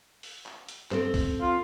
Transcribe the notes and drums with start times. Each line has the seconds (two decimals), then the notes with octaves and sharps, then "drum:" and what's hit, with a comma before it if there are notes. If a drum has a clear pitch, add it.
0.23 drum: open hi-hat
0.46 drum: clap
0.69 drum: hi-hat
0.91 C4 A4 C5, drum: clap
1.14 drum: kick B1, open hi-hat
1.41 F4